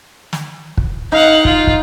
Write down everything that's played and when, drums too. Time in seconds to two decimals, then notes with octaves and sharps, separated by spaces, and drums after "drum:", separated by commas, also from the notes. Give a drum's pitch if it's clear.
0.33 drum: snare
0.78 drum: kick
1.12 D#4 F5 F#5
1.45 F4, drum: kick
1.67 drum: kick